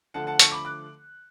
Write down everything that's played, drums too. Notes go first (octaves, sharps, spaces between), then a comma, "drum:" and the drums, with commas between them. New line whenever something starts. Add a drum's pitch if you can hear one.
D3 F3 A3 F#5 A5
F#5 A5
A5 C#6, drum: hi-hat
B5 D6
D6 F#6